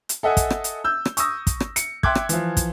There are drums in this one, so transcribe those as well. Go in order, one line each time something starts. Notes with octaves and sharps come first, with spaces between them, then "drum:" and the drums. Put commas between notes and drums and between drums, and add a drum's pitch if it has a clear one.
drum: hi-hat
A4 D#5 E5 F#5 G#5
drum: kick, hi-hat
drum: rim click
drum: hi-hat
E6 G6
drum: rim click
C#6 D#6 E6 A#6, drum: hi-hat
drum: kick, hi-hat
drum: rim click
C#7, drum: hi-hat
E5 G5 C6 D6 F#6 G#6, drum: kick
drum: rim click
E3 F3, drum: hi-hat
drum: kick, hi-hat